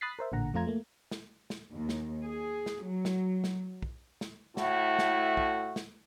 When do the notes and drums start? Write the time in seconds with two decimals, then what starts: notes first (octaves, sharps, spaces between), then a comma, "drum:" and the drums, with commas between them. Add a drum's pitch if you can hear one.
0.01 B5 D#6 F#6 A6 B6 C7
0.19 A#4 C5 E5
0.32 A1 A#2 D3 F#5 A#5
0.53 F2 F3 A3 F4 A#5 G#6
0.67 A3 A#3
1.11 drum: snare
1.50 drum: snare
1.72 D#2
1.89 drum: snare
2.24 G#4
2.66 drum: snare
2.85 F#3
3.05 drum: snare
3.44 drum: snare
3.82 drum: kick
4.21 drum: snare
4.57 A2 A3 E4 F#4, drum: snare
4.99 drum: snare
5.37 drum: kick
5.76 drum: snare